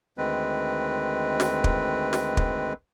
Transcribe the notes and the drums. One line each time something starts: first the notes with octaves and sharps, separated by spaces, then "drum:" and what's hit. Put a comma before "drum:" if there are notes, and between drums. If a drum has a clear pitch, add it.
D2 D#3 G#3 C4 B4
drum: snare
drum: kick
drum: snare
drum: kick